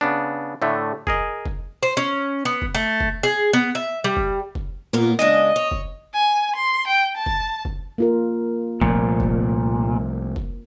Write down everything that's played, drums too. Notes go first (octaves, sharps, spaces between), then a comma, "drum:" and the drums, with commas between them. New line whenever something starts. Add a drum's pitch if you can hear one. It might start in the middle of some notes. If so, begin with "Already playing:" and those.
C#3 B3 D4
A2 D3 A3
G#4 A#4 D#5, drum: kick
drum: kick
C5
C#4
B3
drum: kick
A3
drum: kick
G#4
B3
E5
G3
drum: kick
drum: kick
A#2 A#3 B3 A#4
C#3 G#3 D4 D#5
C#5
drum: kick
G#5
C6
G5
A5
drum: kick
drum: kick
A#3 F4 A#4
C2 A#2 F3 A3, drum: kick
drum: kick
drum: kick